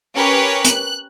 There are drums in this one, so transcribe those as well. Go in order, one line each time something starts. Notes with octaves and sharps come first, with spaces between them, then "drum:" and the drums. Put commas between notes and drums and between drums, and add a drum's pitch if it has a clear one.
C#4 G4 A#4 B4 C#5
F#6, drum: hi-hat